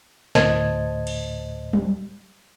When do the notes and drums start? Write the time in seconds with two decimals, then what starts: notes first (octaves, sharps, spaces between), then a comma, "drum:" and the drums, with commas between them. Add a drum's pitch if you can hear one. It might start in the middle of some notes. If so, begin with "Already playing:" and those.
0.35 D2 A2 C5 D#5 A5 G#6, drum: snare
1.07 drum: cymbal
1.73 drum: tom F#3